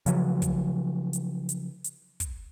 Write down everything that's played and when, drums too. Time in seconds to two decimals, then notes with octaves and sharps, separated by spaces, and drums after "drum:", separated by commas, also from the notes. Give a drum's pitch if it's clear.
0.06 C#3 F3 F#3, drum: hi-hat
0.42 drum: kick, hi-hat
1.13 drum: hi-hat
1.49 drum: hi-hat
1.84 drum: hi-hat
2.20 drum: kick, hi-hat